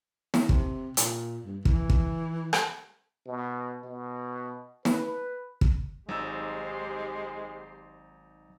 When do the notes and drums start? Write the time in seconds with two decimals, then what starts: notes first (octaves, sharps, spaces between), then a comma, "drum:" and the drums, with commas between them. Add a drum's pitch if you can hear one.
0.34 drum: snare
0.49 C3, drum: kick
0.97 A#2, drum: hi-hat
1.44 G2
1.65 E3, drum: kick
1.90 drum: kick
2.53 drum: rim click
3.26 B2
3.84 B2
4.85 B4, drum: snare
5.61 drum: kick
6.09 G#1 F#3 G#3 D#4 G4 C5 E6